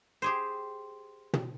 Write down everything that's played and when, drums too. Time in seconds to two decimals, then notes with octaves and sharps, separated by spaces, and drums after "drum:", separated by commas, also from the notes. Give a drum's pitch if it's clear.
0.22 G4 G#4 C5
1.33 drum: tom